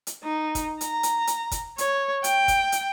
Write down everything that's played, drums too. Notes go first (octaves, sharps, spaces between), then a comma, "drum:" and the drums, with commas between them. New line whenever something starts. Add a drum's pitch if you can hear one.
drum: hi-hat
D#4
drum: kick F#1, hi-hat
A#5, drum: hi-hat
drum: hi-hat
drum: hi-hat
drum: kick F#1, hi-hat
C#5, drum: hi-hat
G5, drum: hi-hat
drum: kick F#1, hi-hat
drum: hi-hat